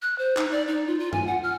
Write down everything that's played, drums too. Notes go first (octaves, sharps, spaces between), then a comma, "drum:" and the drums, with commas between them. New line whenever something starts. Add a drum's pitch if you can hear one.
F#6
C5
D#4, drum: clap
D5
D#4
F4
F4
G#5, drum: tom G2
F#5
F6